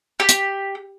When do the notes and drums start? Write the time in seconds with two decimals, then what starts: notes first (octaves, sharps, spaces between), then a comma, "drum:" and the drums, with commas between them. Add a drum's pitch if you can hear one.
0.20 G4
0.29 drum: hi-hat